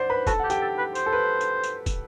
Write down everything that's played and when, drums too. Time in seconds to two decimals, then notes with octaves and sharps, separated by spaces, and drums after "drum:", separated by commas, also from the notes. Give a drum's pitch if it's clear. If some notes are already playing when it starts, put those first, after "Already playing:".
Already playing: C5 D5 F#5 C6
0.10 B4 B5
0.27 F#4 A4 A5, drum: kick, tambourine
0.40 G4 F#5
0.50 G4 G5, drum: tambourine
0.61 A4
0.78 B4
0.95 C5, drum: tambourine
1.06 A4
1.13 B4
1.41 drum: tambourine
1.63 drum: tambourine
1.86 drum: kick, tambourine